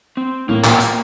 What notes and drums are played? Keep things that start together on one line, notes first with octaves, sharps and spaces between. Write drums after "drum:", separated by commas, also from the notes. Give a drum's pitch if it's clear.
C4
A2 A#3
A#2, drum: clap
A#3, drum: hi-hat